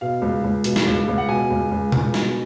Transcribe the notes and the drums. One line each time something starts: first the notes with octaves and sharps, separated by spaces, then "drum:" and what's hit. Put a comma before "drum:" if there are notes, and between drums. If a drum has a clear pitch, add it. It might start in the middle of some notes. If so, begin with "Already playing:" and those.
B2 F5
C#2
C#2
B2, drum: hi-hat
drum: snare
C#2
C#2
F#5
B2 G#5
C#2
C#2
C#2, drum: tom B2
B2, drum: snare